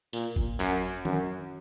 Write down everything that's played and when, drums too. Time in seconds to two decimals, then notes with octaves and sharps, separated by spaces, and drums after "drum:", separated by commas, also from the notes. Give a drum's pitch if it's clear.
0.13 A#2, drum: tambourine
0.36 drum: kick G1
0.59 F#2, drum: tambourine
1.05 F#2, drum: tom